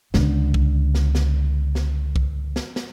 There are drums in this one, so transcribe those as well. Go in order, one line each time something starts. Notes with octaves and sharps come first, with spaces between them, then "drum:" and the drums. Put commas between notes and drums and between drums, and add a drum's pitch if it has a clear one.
C#2 D3, drum: snare
drum: kick
drum: snare
drum: snare
drum: snare
drum: kick
drum: snare
drum: snare